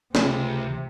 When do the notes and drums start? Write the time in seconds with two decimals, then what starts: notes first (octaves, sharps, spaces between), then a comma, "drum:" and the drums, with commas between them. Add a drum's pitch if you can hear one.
0.15 C#2 C3 A3 F4 G#4, drum: snare